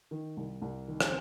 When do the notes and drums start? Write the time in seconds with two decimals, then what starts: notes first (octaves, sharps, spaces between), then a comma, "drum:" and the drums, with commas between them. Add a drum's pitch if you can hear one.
0.11 D#3
0.37 C2
0.62 C2
0.88 D#3
1.00 drum: rim click